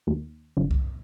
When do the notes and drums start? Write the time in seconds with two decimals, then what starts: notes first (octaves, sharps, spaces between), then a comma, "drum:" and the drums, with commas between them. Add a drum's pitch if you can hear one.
0.07 D#2
0.57 G1
0.71 drum: kick C2